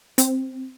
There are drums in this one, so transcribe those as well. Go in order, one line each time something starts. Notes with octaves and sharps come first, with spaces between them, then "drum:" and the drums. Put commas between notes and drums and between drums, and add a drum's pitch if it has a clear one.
C4, drum: hi-hat